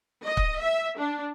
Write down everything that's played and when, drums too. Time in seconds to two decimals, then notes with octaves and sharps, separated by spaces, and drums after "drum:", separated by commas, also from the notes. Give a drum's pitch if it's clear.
0.24 D#5
0.37 drum: kick
0.62 E5
0.99 D4